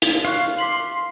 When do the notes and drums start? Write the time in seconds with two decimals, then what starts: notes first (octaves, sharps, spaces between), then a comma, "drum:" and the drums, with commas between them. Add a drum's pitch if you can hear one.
0.02 drum: hi-hat
0.25 F5 C6 C#6 F#6
0.58 C6 D6 B6 F#7